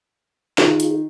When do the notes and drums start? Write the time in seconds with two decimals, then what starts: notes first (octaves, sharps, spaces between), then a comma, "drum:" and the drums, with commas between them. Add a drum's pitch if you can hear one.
0.58 D#3 F4 G#4, drum: snare
0.80 drum: hi-hat